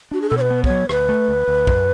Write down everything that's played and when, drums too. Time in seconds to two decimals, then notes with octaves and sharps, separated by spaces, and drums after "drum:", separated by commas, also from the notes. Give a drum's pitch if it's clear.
0.11 D4 F#4
0.22 G#4
0.29 B2 A4
0.37 C#5
0.41 B4
0.50 B3
0.64 C#5, drum: kick
0.70 F#3
0.89 D2 B4, drum: rim click
1.09 A3
1.28 D2
1.48 D2
1.67 F#2, drum: kick